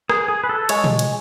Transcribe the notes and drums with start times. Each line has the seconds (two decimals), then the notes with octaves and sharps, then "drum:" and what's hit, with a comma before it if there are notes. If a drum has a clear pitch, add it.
0.10 G#4, drum: rim click
0.28 G#4
0.44 B4
0.49 A4
0.69 G#3 C#5, drum: cymbal
0.84 drum: tom A#2
0.99 drum: cymbal